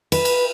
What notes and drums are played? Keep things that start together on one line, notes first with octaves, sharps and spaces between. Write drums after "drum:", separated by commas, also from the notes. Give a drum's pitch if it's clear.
B4, drum: cymbal
drum: cymbal